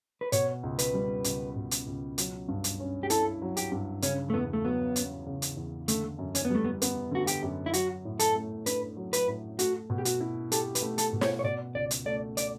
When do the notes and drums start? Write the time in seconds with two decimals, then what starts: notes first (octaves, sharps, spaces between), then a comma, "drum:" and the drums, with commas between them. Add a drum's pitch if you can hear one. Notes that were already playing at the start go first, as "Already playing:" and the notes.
0.21 B4
0.32 B2 C#5, drum: hi-hat
0.63 C#2
0.79 B4, drum: hi-hat
0.94 G3
1.24 C#2, drum: hi-hat
1.56 B2
1.71 drum: hi-hat
1.87 C#2
2.18 F#3, drum: hi-hat
2.48 G2
2.64 drum: hi-hat
2.80 C#4
3.03 G4
3.10 E4 A4, drum: hi-hat
3.42 F#3
3.57 G4, drum: hi-hat
3.72 G2
4.02 C#3 C#4, drum: hi-hat
4.30 A3
4.34 E2 B3
4.53 A3
4.64 F#3 B3
4.96 C#4, drum: hi-hat
5.27 C#3
5.42 drum: hi-hat
5.57 E2
5.88 D3 A3, drum: hi-hat
6.19 F#2
6.35 C#4, drum: hi-hat
6.45 B3
6.50 G3 A3
6.64 B3
6.82 B3, drum: hi-hat
7.11 D3 F#4
7.27 G4, drum: hi-hat
7.42 F#2
7.66 E4
7.73 F#3 F#4, drum: hi-hat
8.05 A2
8.19 A4, drum: hi-hat
8.36 A3
8.66 D4 B4, drum: hi-hat
8.97 F#3
9.13 B4, drum: hi-hat
9.28 A2
9.59 A3 F#4, drum: hi-hat
9.90 B2
9.98 G4
10.05 F#4, drum: hi-hat
10.20 E4
10.52 G4 A4, drum: hi-hat
10.75 B4, drum: hi-hat
10.82 A3
10.98 A4, drum: hi-hat
11.13 B2
11.21 C#5, drum: snare
11.39 C#5
11.44 B2 D5
11.75 C#2 D5
11.91 drum: hi-hat
12.05 A3 D5
12.37 D5, drum: hi-hat